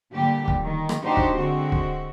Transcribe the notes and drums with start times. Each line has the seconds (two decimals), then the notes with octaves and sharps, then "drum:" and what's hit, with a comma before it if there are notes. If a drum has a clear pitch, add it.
0.13 A#2 D3 G3 G4
0.48 drum: kick
0.62 D#3
0.89 drum: rim click
1.03 D4 D#4 F#4 G4 C5
1.17 drum: kick
1.38 D3 G#3 C4 F#4
1.72 drum: kick